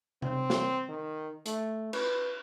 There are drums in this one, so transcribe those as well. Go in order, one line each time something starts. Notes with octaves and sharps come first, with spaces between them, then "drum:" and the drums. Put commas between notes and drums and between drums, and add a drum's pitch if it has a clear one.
C4, drum: tom C3
drum: snare
D#3
A3, drum: hi-hat
B4, drum: cymbal